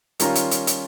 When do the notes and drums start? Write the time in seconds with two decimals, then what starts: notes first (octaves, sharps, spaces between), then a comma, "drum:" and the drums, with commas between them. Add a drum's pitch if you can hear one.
0.20 D#3 G3 C#4 F4 A#5 C6, drum: hi-hat
0.35 drum: hi-hat
0.51 drum: hi-hat
0.67 drum: hi-hat